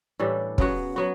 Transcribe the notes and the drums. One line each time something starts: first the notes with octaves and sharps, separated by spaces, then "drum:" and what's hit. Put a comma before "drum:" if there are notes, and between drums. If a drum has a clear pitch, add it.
A2 E3 G3 D4
C#3 F#3 B3 F#4, drum: kick
F#3 B3 F#4